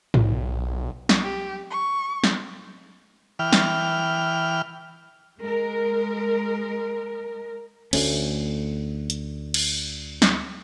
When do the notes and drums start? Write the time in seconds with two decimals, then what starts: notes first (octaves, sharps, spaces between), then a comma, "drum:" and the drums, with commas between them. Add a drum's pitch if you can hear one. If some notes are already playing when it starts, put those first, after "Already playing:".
0.14 B1, drum: tom G#2
1.09 drum: snare
1.23 G4
1.70 C#6
2.24 drum: snare
3.39 E3 G5 F6
3.53 drum: snare
5.39 G#3 A#4
7.93 D2 A3 C#4, drum: cymbal
9.10 drum: hi-hat
9.54 drum: cymbal
10.22 drum: snare